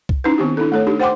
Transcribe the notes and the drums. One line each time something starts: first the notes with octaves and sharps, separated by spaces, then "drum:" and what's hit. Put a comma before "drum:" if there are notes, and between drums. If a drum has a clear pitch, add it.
drum: kick C2
C#4 D#4 E4 B4
D#3 B3 C4 G4
D4 E4 A4
A3 A4 C#5
D4 D#4 G4
C5 F#5 G5 C6 D6